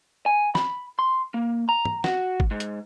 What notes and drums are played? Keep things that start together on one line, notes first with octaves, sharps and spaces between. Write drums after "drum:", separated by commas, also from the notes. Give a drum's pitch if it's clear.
G#5
B5, drum: snare
C6
A#3
A#5
drum: tom
F#4, drum: snare
drum: kick G#1
G#2
drum: hi-hat